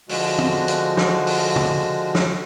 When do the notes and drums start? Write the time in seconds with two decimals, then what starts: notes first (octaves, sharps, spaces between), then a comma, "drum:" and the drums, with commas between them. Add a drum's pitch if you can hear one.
0.09 D3 F3 G#3 F#4, drum: open hi-hat
0.39 drum: tom
0.68 drum: hi-hat
0.97 drum: snare
1.27 drum: open hi-hat
1.56 drum: tom
2.15 drum: snare